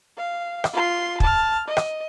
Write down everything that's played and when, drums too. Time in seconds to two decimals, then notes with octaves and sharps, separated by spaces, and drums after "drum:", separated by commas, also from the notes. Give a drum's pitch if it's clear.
0.17 F5
0.64 drum: rim click
0.73 F4 C6
1.20 A5 F6, drum: kick
1.67 D#5
1.77 drum: rim click